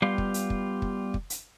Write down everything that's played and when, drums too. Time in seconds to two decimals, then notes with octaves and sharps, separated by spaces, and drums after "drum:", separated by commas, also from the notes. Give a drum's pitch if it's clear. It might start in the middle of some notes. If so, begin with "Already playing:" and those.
0.02 G3 B3 F4 G4 F5
0.18 drum: kick
0.34 drum: hi-hat
0.50 drum: kick
0.82 drum: kick
1.14 drum: kick
1.30 drum: hi-hat